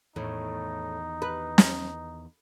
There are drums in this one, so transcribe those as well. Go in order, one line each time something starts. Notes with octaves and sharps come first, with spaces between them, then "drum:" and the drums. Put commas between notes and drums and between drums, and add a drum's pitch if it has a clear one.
E2 A2 D#3 D#4
B4
drum: snare